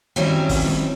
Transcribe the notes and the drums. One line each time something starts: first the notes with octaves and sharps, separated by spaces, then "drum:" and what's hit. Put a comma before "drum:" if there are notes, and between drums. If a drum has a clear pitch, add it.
D#3 F#3 G3 C4 C#4 E4
drum: kick, open hi-hat
drum: snare C#4